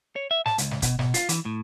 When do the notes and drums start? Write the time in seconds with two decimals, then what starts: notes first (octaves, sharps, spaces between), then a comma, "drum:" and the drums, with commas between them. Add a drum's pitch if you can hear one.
0.16 C#5
0.31 E5
0.46 A5, drum: snare
0.58 C#2, drum: hi-hat
0.71 drum: snare
0.82 B2, drum: kick, hi-hat
0.99 B2, drum: snare
1.14 F4, drum: hi-hat
1.29 E3, drum: hi-hat
1.45 A2